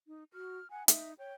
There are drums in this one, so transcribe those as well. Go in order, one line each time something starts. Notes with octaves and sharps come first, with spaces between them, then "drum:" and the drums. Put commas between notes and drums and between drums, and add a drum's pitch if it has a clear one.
D#4
F#4 F6
F#5 G#5
D#4 E5, drum: hi-hat
C#5 G5